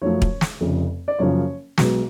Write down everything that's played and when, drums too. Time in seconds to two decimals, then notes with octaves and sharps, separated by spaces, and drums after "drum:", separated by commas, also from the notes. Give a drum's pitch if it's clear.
0.02 F#1 F#2 F3 A3 C#5
0.22 drum: kick
0.41 drum: snare
0.61 F1 F2 C#3
1.08 D5
1.19 F#1 F#2 C#3 F3 C#5
1.78 B1 B2 G#3 B3, drum: snare